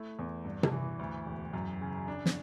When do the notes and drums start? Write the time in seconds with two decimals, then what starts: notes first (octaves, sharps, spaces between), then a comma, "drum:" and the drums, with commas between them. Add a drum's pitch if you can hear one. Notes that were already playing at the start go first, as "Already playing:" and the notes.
Already playing: A3 E4
0.19 E2
0.45 G2
0.63 drum: tom C3
0.72 E3
0.99 D2
1.26 E1
1.53 F#2
1.81 C#3
2.08 D4
2.26 drum: snare